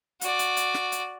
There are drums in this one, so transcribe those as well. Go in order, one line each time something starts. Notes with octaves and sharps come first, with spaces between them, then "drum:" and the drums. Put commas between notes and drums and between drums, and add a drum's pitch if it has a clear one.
F#4 D5, drum: hi-hat
drum: hi-hat
drum: hi-hat
drum: snare
drum: hi-hat